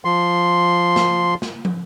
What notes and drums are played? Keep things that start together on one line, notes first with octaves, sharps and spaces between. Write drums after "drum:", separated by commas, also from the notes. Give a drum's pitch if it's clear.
F3 C6
drum: snare
drum: snare
drum: tom